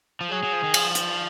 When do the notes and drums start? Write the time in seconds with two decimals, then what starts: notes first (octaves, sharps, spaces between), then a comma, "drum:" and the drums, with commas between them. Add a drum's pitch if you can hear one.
0.21 F3
0.31 F#3 G#4
0.43 F#3
0.53 F3
0.64 D#3
0.74 F3, drum: cymbal
0.95 drum: hi-hat